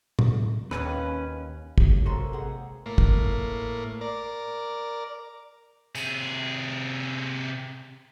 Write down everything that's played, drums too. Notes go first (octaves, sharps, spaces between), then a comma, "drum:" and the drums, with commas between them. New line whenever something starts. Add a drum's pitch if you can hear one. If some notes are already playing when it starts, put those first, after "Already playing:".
drum: tom A2
D#2 C#4 B4, drum: rim click
G4, drum: kick
C#4 G4 C#5
C3 A#3 F#4 A4 C5 A#5 C6 E6
G#3 C4 G#4 F#5
A2 A#3
drum: kick
A#4 D5
C3 G#4, drum: tambourine